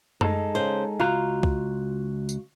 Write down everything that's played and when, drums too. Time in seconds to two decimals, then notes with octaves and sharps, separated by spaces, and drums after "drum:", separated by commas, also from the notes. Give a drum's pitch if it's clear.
0.21 G#3 D#4 A4, drum: tom F#2
0.55 C#3 C5
1.00 C#2 F4 F#4 A#5
1.43 drum: kick C2
2.29 drum: tambourine